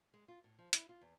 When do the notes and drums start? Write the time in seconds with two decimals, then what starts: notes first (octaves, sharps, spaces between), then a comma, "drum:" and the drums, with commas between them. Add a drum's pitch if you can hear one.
0.14 G#3
0.28 F4
0.44 A2
0.59 F3
0.73 E4, drum: hi-hat
0.89 F4
1.01 E2